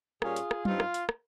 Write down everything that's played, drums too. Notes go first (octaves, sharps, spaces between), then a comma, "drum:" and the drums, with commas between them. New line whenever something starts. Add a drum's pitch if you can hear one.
A#2 G3 C#4 F4 G#4, drum: rim click
drum: hi-hat
drum: rim click
G2 G3 C4 D#4 F4, drum: tom F#3
drum: rim click
drum: hi-hat
drum: rim click